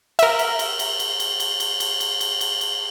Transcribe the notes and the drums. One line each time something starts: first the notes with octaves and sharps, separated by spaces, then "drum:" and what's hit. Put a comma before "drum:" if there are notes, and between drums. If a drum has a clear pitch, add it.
A#4 E5, drum: cymbal
drum: cymbal
drum: cymbal
drum: cymbal
drum: cymbal
drum: cymbal
drum: cymbal
drum: cymbal
drum: cymbal
drum: cymbal
drum: cymbal
drum: cymbal
drum: cymbal